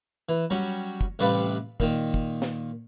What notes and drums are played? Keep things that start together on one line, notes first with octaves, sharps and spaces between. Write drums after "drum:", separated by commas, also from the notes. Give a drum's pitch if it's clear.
E3
F#3 G3 C#4 F#4 A#5
drum: kick
A1 C3 G3 B4 D5 F5, drum: tambourine
A#2 D#3, drum: kick
drum: kick
drum: snare